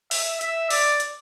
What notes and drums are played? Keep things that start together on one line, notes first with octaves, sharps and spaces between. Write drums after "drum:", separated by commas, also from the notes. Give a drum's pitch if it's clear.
E5, drum: open hi-hat
E5, drum: hi-hat
D5, drum: open hi-hat
drum: hi-hat